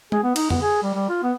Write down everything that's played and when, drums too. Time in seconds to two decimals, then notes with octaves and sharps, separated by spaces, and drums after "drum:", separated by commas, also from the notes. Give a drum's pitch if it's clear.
0.12 G#4, drum: tom G#3
0.24 B3
0.36 D#4, drum: cymbal
0.50 B3, drum: tom F2
0.62 G#4
0.83 G3
0.94 G3
1.09 F4
1.23 B3